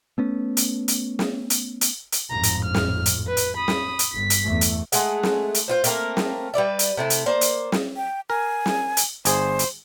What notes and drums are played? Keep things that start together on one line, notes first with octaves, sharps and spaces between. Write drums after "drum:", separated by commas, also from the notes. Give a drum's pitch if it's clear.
A3 B3 C#4
drum: hi-hat
drum: hi-hat
drum: snare
drum: hi-hat
drum: hi-hat
drum: hi-hat
G#1 F2 A2 A#5
drum: hi-hat
F6
drum: snare
drum: hi-hat
B4
drum: hi-hat
B5 D#6
drum: snare
drum: hi-hat
G1 B6
drum: hi-hat
E2 A3
drum: hi-hat
G#3 A3 G#4 F#5, drum: hi-hat
drum: snare
drum: hi-hat
C4 F4 C5
A3 A#3 C4 A#4, drum: hi-hat
drum: snare
G3 B4 D5 E5
drum: hi-hat
C3 A3 E4
drum: hi-hat
A#3 C5 D5
drum: hi-hat
drum: snare
G5
A#4 G#5
drum: snare
drum: hi-hat
G1 G#4 C5, drum: hi-hat
drum: hi-hat